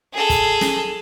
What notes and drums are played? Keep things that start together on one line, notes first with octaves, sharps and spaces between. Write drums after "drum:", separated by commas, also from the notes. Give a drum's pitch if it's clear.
G#4 A4
drum: kick, hi-hat
drum: snare